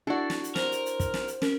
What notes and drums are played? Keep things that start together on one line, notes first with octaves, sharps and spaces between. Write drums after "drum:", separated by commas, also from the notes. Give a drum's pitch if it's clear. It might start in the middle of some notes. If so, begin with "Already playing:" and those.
D4 E4 F#4 A4 D5
drum: snare
drum: hi-hat
A#4 C5, drum: snare
drum: hi-hat
drum: hi-hat
drum: kick, hi-hat
drum: snare
drum: hi-hat
C#4 A#4, drum: snare